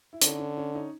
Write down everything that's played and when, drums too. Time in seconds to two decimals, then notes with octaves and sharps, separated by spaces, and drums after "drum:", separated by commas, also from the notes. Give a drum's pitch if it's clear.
0.13 E4
0.21 D3 C#4 D#4, drum: hi-hat
0.39 C#4
0.57 C#4
0.75 C#4 D#4